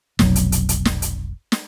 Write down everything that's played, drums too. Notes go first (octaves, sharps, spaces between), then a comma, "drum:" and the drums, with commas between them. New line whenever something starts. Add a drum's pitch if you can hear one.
F1 B1 F#3, drum: snare
drum: hi-hat
drum: hi-hat
drum: hi-hat
drum: snare
drum: hi-hat
drum: snare